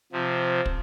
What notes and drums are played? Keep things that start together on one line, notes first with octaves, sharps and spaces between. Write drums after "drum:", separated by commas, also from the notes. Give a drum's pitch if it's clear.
C3 F3
drum: kick